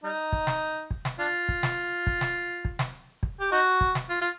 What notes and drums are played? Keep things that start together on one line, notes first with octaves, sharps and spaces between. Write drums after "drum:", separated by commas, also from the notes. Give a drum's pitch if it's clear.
G3 D#4
drum: kick
drum: snare
drum: kick
drum: snare
D4 F4
drum: kick
drum: snare
drum: kick
drum: snare
drum: kick
drum: snare
drum: kick
G4
D#4 F#4
drum: kick
drum: snare
F4
F4